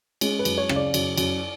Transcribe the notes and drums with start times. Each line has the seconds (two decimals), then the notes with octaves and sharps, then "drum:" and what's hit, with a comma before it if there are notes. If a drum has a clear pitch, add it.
0.21 G#3 C#4, drum: cymbal
0.39 B4
0.45 F#2, drum: cymbal
0.58 C#5
0.69 C#3, drum: rim click
0.76 D5
0.94 F#2, drum: cymbal
1.18 F#2, drum: cymbal